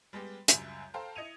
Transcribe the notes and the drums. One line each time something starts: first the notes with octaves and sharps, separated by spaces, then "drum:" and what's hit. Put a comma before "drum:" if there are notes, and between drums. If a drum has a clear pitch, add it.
G3 G#3 B3 G4
C#2 F#2 G3 E5 G6, drum: hi-hat
A4 C5 F5 G5 A5 A#5
E4 D#5 G#6 C#7 D#7 F7